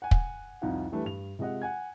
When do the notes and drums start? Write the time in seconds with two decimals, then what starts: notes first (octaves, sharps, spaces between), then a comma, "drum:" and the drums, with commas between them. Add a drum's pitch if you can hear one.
0.02 F#5 G#5
0.11 drum: kick
0.62 C2 F2 D#4 F4 F5 F#5
0.92 E3 G3 A3 D4 E4 B4
1.05 G2 F7
1.39 C3 G#3 F4 D#5 F#5
1.62 F#5 G#5 G#6